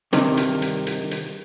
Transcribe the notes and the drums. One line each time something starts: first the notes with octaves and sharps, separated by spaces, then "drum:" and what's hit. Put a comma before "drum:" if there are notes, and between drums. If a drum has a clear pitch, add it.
G2 C3 D#3, drum: hi-hat
drum: hi-hat
drum: hi-hat
drum: hi-hat
drum: hi-hat